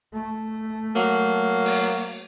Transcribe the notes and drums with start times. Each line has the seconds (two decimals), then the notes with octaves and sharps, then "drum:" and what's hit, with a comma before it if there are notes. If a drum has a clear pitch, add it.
0.13 A3
0.95 F#3 A#3
1.65 drum: open hi-hat